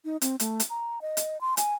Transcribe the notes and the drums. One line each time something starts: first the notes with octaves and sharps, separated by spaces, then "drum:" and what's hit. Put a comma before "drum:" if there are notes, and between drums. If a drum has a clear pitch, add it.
D#4
C4, drum: hi-hat
A3, drum: hi-hat
drum: hi-hat
A#5
D#5
drum: hi-hat
C6
G#5, drum: hi-hat